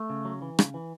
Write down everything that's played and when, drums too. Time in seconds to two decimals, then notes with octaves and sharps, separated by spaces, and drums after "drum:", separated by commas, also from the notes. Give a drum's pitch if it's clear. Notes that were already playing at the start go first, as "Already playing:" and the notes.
Already playing: A3
0.10 C#3
0.25 F#3
0.42 E3
0.59 C#3, drum: rim click
0.74 E3